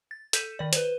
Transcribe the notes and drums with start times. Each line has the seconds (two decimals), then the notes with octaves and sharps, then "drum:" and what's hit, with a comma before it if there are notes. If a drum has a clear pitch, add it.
0.11 A6
0.33 A4 G6 B6 D#7 E7, drum: hi-hat
0.59 D#3 D5
0.73 B4 C5, drum: hi-hat